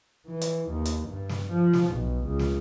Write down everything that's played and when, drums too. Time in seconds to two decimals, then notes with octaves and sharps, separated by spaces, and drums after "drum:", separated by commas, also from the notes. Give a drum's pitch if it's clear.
0.27 E3
0.41 drum: hi-hat
0.69 D#2
0.85 drum: hi-hat
1.07 G2
1.29 drum: snare
1.50 F3
1.73 drum: snare
1.89 B1
2.25 C#2
2.39 drum: snare